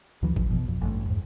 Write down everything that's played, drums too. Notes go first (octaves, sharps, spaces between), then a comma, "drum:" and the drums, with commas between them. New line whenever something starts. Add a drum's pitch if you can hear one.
D2 E3 F#3
F1 F3, drum: kick
B2
F2
A1 G2 A3
E2 G#2